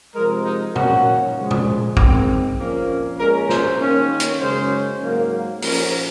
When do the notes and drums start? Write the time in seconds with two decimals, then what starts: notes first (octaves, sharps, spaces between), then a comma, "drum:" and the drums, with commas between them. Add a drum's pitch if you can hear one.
0.15 C3 F3 G#3 A#4
0.45 D#4
0.76 D#3 F#3 A#3 C#4 F#4, drum: tom A#2
1.36 C#3 F3 G#3
1.51 drum: tom A#2
1.97 D#3 G#3 C4, drum: kick
2.57 A#2 F3 A#3 C#4
3.18 A#2 G#3 C#4 A#4
3.49 C5, drum: snare
3.79 D#3 A#3 C#4
4.20 drum: hi-hat
4.40 F#2 C#3 G#3 C#4 C5
5.01 G#2 F#3 A#3
5.62 A#2 F3 A#3 C#4 A#4, drum: open hi-hat